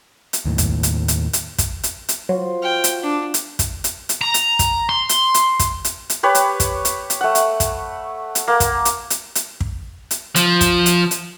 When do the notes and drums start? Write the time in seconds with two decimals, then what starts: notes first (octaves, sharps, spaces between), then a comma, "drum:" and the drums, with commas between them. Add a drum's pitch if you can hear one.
0.33 drum: hi-hat
0.46 D#2 A2
0.58 drum: kick, hi-hat
0.83 drum: hi-hat
1.08 drum: hi-hat
1.33 drum: hi-hat
1.58 drum: kick, hi-hat
1.83 drum: hi-hat
2.09 drum: hi-hat
2.29 F#3 F4 F#4 C5
2.62 G5 F6
2.84 drum: hi-hat
3.03 D4
3.34 drum: hi-hat
3.59 drum: kick, hi-hat
3.84 drum: hi-hat
4.09 drum: hi-hat
4.21 A#5
4.34 drum: hi-hat
4.59 drum: kick, hi-hat
4.89 C6
5.09 drum: hi-hat
5.34 drum: hi-hat
5.59 drum: kick, hi-hat
5.85 drum: hi-hat
6.10 drum: hi-hat
6.23 G4 B4 C#5
6.35 drum: hi-hat
6.60 drum: kick, hi-hat
6.85 drum: hi-hat
7.10 drum: hi-hat
7.21 A3 F#5
7.35 drum: hi-hat
7.60 drum: kick, hi-hat
8.35 drum: hi-hat
8.48 A#3
8.60 drum: kick, hi-hat
8.85 drum: hi-hat
9.10 drum: hi-hat
9.35 drum: hi-hat
9.60 drum: kick
10.11 drum: hi-hat
10.36 F3, drum: hi-hat
10.61 drum: kick, hi-hat
10.86 drum: hi-hat
11.11 drum: hi-hat